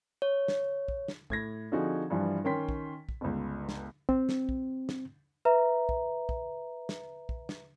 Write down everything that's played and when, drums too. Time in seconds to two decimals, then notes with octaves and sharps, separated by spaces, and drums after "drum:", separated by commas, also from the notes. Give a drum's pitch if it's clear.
0.22 C#5
0.48 drum: snare
0.88 drum: kick
1.08 drum: snare
1.30 A2 G#6 A#6, drum: kick
1.72 D3 F3 C4 D#4 F#4 G#4
2.10 G2 E3 F3 G3 D4
2.44 D#3 C#4 G5 C6 B6
2.69 drum: kick
3.09 drum: kick
3.21 G1 C#2
3.69 drum: snare
4.09 C4, drum: kick
4.29 drum: snare
4.49 drum: kick
4.89 drum: snare
5.45 B4 E5 A#5
5.89 drum: kick
6.29 drum: kick
6.89 drum: snare
7.29 drum: kick
7.49 drum: snare